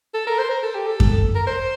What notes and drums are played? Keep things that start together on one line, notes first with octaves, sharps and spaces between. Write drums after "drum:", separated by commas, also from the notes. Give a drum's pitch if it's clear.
A4
A#4
C5
A#4
A4
G4
A4
drum: kick F#2
A#4
C5